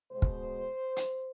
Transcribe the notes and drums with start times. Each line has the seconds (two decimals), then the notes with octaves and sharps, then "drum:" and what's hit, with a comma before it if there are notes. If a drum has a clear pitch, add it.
0.12 B2 G#3 C5
0.22 drum: kick
0.96 drum: hi-hat